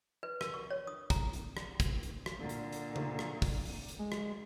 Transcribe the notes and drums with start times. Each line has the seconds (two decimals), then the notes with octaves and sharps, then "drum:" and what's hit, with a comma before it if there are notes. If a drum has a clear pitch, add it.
0.23 B4
0.41 A#4, drum: rim click
0.54 C#6
0.70 C#5
0.87 D#6
1.10 A#5, drum: kick, hi-hat
1.33 drum: hi-hat
1.57 drum: rim click
1.80 drum: kick, hi-hat
2.03 drum: hi-hat
2.26 drum: rim click
2.38 A#2 D3
2.49 drum: hi-hat
2.73 drum: hi-hat
2.96 drum: tom C#3
3.19 drum: rim click
3.42 drum: kick, open hi-hat
3.65 drum: open hi-hat
3.88 drum: hi-hat
3.99 G#3
4.12 drum: rim click